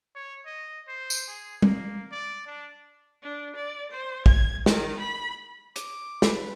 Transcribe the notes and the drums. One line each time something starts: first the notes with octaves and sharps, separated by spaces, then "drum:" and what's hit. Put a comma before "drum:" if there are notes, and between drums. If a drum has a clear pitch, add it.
C#5
D#5
C5
drum: tambourine
G#4
A#3, drum: tom
D5
D4
D4
D5
C5
G#6, drum: kick
D#3, drum: snare
B5
D6, drum: hi-hat
B4, drum: snare